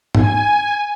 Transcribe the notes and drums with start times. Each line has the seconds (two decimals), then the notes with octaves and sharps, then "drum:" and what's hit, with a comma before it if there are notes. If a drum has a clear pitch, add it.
0.15 G#5, drum: tom